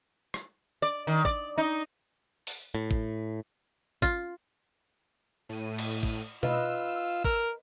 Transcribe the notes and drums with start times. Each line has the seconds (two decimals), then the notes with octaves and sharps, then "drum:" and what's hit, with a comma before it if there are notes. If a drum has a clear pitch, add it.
0.34 drum: rim click
0.82 D5
1.07 D#3
1.25 D5, drum: kick
1.58 D#4
2.47 drum: open hi-hat
2.75 A2
2.91 drum: kick
4.02 F4, drum: kick
5.49 A2 D#7
5.79 drum: cymbal
6.03 drum: kick
6.43 F4 B4 D#5 E6, drum: tom B2
7.24 A#4, drum: kick